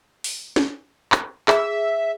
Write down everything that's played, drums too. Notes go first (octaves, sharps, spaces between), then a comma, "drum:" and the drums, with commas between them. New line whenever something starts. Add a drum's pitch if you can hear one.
drum: open hi-hat
drum: snare
drum: clap
G#4 E5, drum: clap